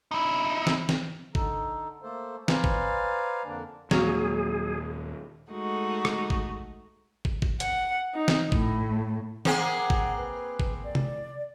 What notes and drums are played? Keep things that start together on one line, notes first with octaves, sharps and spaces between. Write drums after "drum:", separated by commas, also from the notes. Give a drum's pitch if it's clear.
D#4 E4
drum: snare
drum: snare
D3 D#4 A4, drum: kick
A3 A#3 A4 C5
B4 C5 D5 F5 G#5 A#5, drum: snare
drum: kick
F2 D3 A#3 D4
D#2 A#2 F#3 G#3 G#4 F5, drum: snare
G#3 A3 D#4 F#4
drum: rim click
drum: kick
drum: kick
drum: kick
F#5, drum: hi-hat
D#4
drum: snare
A2, drum: kick
A#3 C4 G#4 F#5, drum: snare
drum: kick
B4
drum: kick
D5
drum: tom C3